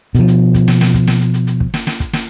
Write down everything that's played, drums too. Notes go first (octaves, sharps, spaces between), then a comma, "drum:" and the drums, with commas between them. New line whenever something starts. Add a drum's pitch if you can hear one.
B2 F3, drum: hi-hat
drum: hi-hat
drum: kick, hi-hat
drum: snare
drum: snare
drum: kick, hi-hat
drum: snare
drum: hi-hat
drum: hi-hat
drum: hi-hat
drum: kick
drum: snare
drum: snare
drum: kick, hi-hat
drum: snare